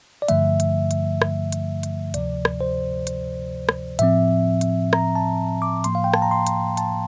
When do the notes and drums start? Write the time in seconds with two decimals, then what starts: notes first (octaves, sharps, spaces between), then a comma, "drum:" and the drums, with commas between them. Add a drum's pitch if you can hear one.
0.22 D5
0.28 G2 D3 F3 A3 E5, drum: hi-hat
0.60 drum: hi-hat
0.91 drum: hi-hat
1.22 drum: rim click
1.52 drum: hi-hat
1.83 drum: hi-hat
2.14 D2 C3 F3 D5, drum: hi-hat
2.45 drum: rim click
2.61 C5
3.07 drum: hi-hat
3.69 drum: rim click
3.99 A2 F3 C4 E5, drum: hi-hat
4.61 drum: hi-hat
4.93 A#5, drum: rim click
5.15 A5
5.62 D6
5.84 A2 F3 A#3 C6, drum: hi-hat
5.95 F5
6.04 G5
6.14 A5, drum: rim click
6.22 A#5
6.31 C6
6.47 drum: hi-hat
6.77 A5, drum: hi-hat